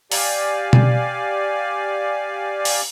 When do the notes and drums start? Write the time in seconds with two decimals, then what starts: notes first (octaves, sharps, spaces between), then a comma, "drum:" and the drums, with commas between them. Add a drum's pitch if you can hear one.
0.12 G4 D5 F5 G#5, drum: open hi-hat
0.73 drum: tom B2
2.65 drum: open hi-hat